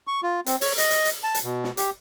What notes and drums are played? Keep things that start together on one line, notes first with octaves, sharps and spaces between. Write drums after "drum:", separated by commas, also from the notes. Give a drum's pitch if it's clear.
C#6
F4
C4, drum: hi-hat
C#5, drum: open hi-hat
D#5, drum: hi-hat
drum: hi-hat
drum: hi-hat
A5
drum: hi-hat
B2
drum: snare
G4, drum: hi-hat